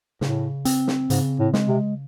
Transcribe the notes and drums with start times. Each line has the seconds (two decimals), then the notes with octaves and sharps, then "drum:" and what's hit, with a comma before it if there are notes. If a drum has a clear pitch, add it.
0.21 A2 C#3, drum: snare
0.65 C4, drum: hi-hat
0.87 drum: snare
1.10 G#2 C#3, drum: hi-hat
1.39 A2
1.54 G#3, drum: snare
1.68 C3